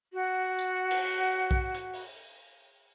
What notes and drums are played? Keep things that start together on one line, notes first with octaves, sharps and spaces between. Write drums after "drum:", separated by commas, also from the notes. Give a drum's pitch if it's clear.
F#4 F#5
drum: tambourine
drum: cymbal
drum: kick B1
drum: hi-hat
drum: open hi-hat